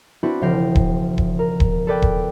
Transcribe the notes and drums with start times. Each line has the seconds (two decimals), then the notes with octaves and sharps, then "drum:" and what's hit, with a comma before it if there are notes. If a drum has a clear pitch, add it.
0.23 C4 D4 E4 F#4 B4
0.41 E1 C#3 F3 F5 G5 A#6
0.75 drum: kick D#1
1.18 drum: kick D#1
1.39 A#4
1.60 drum: kick D#1
1.87 A4 B4 D5 G5
2.02 drum: kick D#1